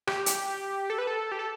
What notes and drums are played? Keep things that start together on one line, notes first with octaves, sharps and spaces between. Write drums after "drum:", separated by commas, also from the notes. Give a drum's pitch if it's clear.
G4, drum: rim click
drum: hi-hat
A4
B4
A4
G4
A4